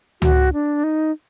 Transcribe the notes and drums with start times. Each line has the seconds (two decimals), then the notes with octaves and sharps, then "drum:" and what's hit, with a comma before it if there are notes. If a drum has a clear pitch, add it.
0.22 F#4, drum: tom C#2
0.53 D4
0.84 D#4